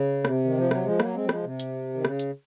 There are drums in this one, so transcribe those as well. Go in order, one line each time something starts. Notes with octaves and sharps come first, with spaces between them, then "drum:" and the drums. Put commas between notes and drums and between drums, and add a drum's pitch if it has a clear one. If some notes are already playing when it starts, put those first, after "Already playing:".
Already playing: C#3
C3, drum: rim click
D#3
F3
F#3, drum: rim click
F3 G#3
F#3 A#3, drum: rim click
G#3 C4
F#3
F3 G#3, drum: rim click
C3
drum: hi-hat
D#3
C#3, drum: rim click
drum: hi-hat